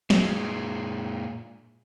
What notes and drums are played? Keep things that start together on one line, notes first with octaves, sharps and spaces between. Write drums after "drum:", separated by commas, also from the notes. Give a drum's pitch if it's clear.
A#2 G#3, drum: snare